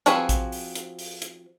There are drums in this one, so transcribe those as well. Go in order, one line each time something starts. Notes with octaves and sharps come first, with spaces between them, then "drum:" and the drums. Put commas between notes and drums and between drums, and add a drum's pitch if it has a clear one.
F3 C4 F#4 G#4 B4, drum: hi-hat
drum: kick A1, hi-hat
drum: open hi-hat
drum: hi-hat
drum: open hi-hat
drum: hi-hat